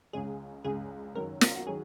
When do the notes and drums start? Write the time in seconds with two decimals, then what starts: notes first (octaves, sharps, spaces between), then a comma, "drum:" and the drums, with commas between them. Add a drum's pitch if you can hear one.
0.13 C#2 C#3 G#3 G#4
0.64 C#2 C#3 G#3 G#4
1.15 F#2 D#3 F#3 C#4 A#4
1.41 A#4, drum: snare
1.56 F#4
1.66 D#3 F#3 C#4 G#4